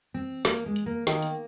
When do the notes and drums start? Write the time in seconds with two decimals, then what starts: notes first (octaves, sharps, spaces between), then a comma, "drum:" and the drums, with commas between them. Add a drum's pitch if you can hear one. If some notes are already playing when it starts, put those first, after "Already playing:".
0.14 C4
0.45 A#3, drum: snare
0.66 G#3
0.76 drum: hi-hat
0.86 A#3
1.07 D#3 A#3, drum: snare
1.22 drum: hi-hat